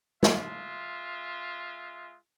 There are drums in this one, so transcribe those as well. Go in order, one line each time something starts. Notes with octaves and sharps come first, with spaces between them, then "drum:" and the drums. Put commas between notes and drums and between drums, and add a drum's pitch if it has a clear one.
G#3 F4 E5, drum: snare